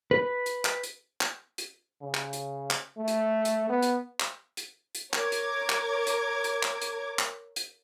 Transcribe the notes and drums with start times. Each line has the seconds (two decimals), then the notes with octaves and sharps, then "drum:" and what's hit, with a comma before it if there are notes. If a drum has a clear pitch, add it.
0.11 B4
0.46 drum: hi-hat
0.65 drum: clap
0.83 drum: hi-hat
1.21 drum: clap
1.58 drum: hi-hat
2.02 C#3
2.14 drum: clap
2.33 drum: hi-hat
2.70 drum: clap
2.97 A3
3.08 drum: hi-hat
3.45 drum: hi-hat
3.69 B3
3.82 drum: hi-hat
4.20 drum: clap
4.57 drum: hi-hat
4.95 drum: hi-hat
5.13 A#4 C#5 D6 G#6, drum: clap
5.32 drum: hi-hat
5.69 drum: clap
6.07 drum: hi-hat
6.44 drum: hi-hat
6.63 drum: clap
6.82 drum: hi-hat
7.19 drum: clap
7.56 drum: hi-hat